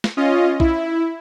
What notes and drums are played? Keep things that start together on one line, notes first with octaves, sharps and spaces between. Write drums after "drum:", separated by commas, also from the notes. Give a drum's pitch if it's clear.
drum: snare
C#4 F4 D#5
E4, drum: kick B1